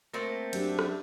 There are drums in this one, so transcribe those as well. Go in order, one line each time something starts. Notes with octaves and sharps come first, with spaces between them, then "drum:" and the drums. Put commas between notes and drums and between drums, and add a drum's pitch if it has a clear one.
A3 A#3 C4 A#4
F#2 D4 G4 E5, drum: cymbal
drum: rim click